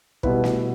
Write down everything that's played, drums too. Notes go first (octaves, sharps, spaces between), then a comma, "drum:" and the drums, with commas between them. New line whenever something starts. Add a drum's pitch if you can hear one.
B2 G3 B3 E4 B4, drum: kick
drum: snare